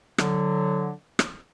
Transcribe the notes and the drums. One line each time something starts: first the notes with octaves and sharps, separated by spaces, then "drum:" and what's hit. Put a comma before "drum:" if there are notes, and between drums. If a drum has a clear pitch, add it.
D3 F#3, drum: rim click
drum: rim click